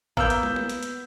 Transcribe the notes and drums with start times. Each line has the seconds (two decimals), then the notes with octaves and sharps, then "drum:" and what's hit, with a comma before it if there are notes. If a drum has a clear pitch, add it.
0.17 A#3 B3 E6 G6, drum: kick
0.30 drum: hi-hat
0.43 drum: tom
0.56 drum: tom
0.69 drum: hi-hat
0.83 drum: hi-hat